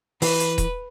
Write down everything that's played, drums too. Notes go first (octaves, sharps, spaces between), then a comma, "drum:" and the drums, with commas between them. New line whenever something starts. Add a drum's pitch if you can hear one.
E3 B4, drum: open hi-hat
drum: hi-hat
drum: kick D#1, hi-hat